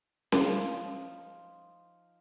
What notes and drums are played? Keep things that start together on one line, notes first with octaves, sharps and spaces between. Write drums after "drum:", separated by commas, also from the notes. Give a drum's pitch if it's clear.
F3 D#4, drum: snare